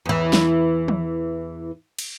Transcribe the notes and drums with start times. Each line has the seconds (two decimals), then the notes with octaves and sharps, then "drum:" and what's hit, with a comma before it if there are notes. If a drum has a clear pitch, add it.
0.05 E2 E3
0.33 drum: snare
0.88 drum: tom
1.99 drum: cymbal